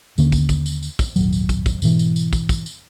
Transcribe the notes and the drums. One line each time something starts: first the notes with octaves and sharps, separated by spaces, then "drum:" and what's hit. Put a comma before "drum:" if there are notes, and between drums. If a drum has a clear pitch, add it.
D#2 D3 A#3 C#4, drum: tambourine
drum: kick, tambourine
drum: kick, tambourine
drum: tambourine
drum: tambourine
drum: kick, tambourine
D#1 G#1 F#3, drum: tambourine
drum: tambourine
drum: kick, tambourine
drum: kick, tambourine
G#2 B2 E3, drum: tambourine
drum: tambourine
drum: tambourine
drum: kick, tambourine
drum: kick, tambourine
drum: tambourine